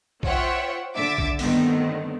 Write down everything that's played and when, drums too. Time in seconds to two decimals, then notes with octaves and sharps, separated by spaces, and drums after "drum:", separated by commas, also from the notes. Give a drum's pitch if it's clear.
0.23 F4 C5 C#5 E5 F#5 G5, drum: kick B1
0.96 D3 E5 D6 A6
1.18 drum: kick B1
1.39 G2 D3 D#3 A3 B3 C4, drum: open hi-hat